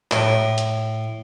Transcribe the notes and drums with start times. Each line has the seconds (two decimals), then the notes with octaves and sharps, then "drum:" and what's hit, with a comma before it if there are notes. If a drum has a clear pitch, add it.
0.11 A2, drum: clap
0.58 drum: hi-hat